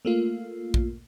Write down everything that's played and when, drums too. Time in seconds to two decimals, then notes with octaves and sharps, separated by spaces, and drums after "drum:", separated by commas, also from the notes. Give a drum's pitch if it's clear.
0.05 A3 A#3 F4
0.74 drum: kick A#1